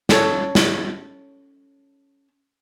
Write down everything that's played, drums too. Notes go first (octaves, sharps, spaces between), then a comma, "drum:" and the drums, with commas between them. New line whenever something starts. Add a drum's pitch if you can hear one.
C#4 A4 C#5, drum: snare
drum: snare